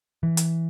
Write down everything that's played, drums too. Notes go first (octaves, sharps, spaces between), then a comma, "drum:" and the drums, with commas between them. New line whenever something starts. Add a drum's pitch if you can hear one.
E3
drum: hi-hat